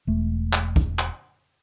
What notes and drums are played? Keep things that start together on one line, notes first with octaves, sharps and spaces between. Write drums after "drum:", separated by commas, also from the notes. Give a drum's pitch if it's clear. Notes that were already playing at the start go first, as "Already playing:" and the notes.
E1 A3
drum: clap
drum: kick
drum: clap